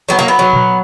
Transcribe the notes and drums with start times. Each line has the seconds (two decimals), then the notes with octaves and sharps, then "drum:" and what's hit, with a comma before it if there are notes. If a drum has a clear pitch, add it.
0.09 F#3 B3
0.19 A#3
0.28 B3
0.39 F#3
0.53 drum: tom A#2